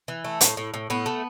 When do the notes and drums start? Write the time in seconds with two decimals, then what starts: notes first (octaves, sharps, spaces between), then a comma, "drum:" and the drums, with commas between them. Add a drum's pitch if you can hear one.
0.08 E3
0.25 A3
0.41 A2, drum: hi-hat
0.57 A2
0.74 A2
0.90 A2 B3
1.06 A3